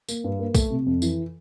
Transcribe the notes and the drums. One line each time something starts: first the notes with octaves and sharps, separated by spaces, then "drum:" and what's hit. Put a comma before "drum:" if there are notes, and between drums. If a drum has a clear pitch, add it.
A#3, drum: tambourine
G2
A#3
A3, drum: kick, tambourine
C3
F2
E3, drum: tambourine